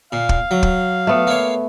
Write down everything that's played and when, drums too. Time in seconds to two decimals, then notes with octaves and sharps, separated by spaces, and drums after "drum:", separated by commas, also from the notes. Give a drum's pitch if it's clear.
0.12 A#2 F5
0.29 drum: kick
0.51 F#3
0.63 drum: kick
1.07 A3 B3
1.27 A#3 C#5